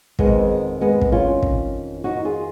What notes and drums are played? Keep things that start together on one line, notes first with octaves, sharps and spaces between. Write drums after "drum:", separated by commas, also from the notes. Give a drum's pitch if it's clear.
D#3 G#3 B3, drum: kick
F2
G#3 B3
drum: kick
C#4 F4
drum: kick
D#4 F#4
F4 G#4